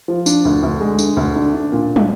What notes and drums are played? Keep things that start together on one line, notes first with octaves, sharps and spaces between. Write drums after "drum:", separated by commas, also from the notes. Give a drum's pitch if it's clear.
F3
D4, drum: tambourine
D2
D2
G#3
D3, drum: tambourine
D2
D4
D4
A#2
drum: tom